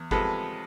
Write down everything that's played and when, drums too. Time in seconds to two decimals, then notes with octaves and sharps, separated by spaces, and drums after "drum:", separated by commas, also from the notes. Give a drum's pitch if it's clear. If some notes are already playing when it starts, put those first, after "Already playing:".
Already playing: E2
0.11 C3 F3 G#3 A4 B4, drum: kick G1